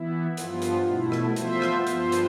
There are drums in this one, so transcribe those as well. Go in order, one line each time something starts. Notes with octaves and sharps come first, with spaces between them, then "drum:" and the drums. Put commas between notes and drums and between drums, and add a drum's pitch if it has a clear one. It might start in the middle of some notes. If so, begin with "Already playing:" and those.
Already playing: E3 B3 E4
G2 F3 B3 F4, drum: hi-hat
drum: hi-hat
B2 A3 E4
drum: rim click
F3 B3 F4 C5 E5, drum: hi-hat
drum: rim click
G2 F3 B3 F4 C5, drum: hi-hat
drum: hi-hat